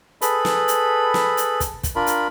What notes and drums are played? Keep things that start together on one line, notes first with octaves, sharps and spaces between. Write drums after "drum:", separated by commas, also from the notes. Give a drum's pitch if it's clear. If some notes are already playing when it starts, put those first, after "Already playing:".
G#4 A4 B4 B5, drum: hi-hat
drum: snare
drum: hi-hat
drum: snare
drum: hi-hat
drum: kick, hi-hat
drum: kick, hi-hat
D4 F4 A#4 B5
drum: hi-hat